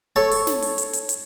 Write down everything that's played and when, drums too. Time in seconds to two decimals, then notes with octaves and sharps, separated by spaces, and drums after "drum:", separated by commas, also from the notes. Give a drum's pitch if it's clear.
0.16 A4 C#5 C#6
0.31 drum: open hi-hat
0.47 drum: snare
0.62 drum: open hi-hat
0.78 drum: hi-hat
0.93 drum: hi-hat
1.09 drum: hi-hat